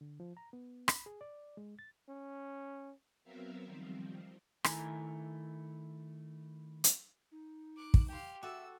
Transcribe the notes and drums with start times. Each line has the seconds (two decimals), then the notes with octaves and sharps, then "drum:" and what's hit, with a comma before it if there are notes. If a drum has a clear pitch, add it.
0.01 D3
0.20 F3
0.37 A#5
0.53 B3
0.88 B5, drum: rim click
1.06 G#4
1.21 D5
1.57 G#3
1.79 A6
2.09 C#4
3.24 F#3 B3 C4 A#4 E5 F5
3.66 D#3 F3 G3 C4
4.64 D#3 A3 E4 G#5 A#5, drum: rim click
6.84 drum: hi-hat
7.32 D#4
7.77 D6 F#6
7.94 drum: kick
8.08 G4 F5 G5 C6
8.43 F#4 A4 E5 D6 E6